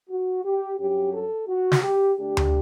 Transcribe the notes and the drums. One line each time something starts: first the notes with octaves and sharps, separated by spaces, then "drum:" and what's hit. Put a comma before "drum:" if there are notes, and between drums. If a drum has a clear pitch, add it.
F#4
G4
G2 F#3 C#4 G4
A4
F#4
drum: snare
G4
D3 A3 D4 G4
drum: tom D2